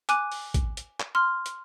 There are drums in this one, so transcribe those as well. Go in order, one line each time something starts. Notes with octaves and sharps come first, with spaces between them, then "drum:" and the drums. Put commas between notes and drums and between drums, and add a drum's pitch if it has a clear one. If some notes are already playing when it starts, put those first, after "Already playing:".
G#5 D6 F#6 D#7, drum: hi-hat
drum: open hi-hat
drum: kick, hi-hat
drum: hi-hat
drum: clap
C6 F6
drum: hi-hat